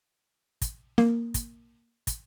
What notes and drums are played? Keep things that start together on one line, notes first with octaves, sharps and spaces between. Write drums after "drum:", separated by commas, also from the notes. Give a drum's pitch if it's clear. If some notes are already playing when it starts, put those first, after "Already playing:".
drum: kick, hi-hat
A#3, drum: snare
drum: kick, hi-hat
drum: kick, hi-hat